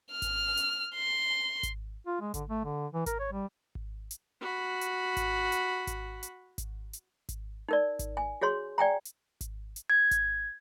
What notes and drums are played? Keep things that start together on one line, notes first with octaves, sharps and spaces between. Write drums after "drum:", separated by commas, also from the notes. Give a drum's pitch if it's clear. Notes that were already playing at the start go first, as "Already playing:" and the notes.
F6
drum: kick G#1, hi-hat
drum: hi-hat
C6
drum: kick G#1, hi-hat
F4
G#3
D3, drum: kick G#1, hi-hat
A3
D3
E3
A#4, drum: kick G#1, hi-hat
C#5
G3
drum: kick G#1
drum: hi-hat
F#4 B5
drum: hi-hat
drum: kick G#1, hi-hat
drum: hi-hat
drum: kick G#1, hi-hat
drum: hi-hat
drum: kick G#1, hi-hat
drum: hi-hat
drum: kick G#1, hi-hat
D#4 A#4 D5
drum: kick G#1, hi-hat
G#5
F#4 G#4 C#5 C6
D5 G5 G#5 A#5
drum: hi-hat
drum: kick G#1, hi-hat
drum: hi-hat
G#6
drum: kick G#1, hi-hat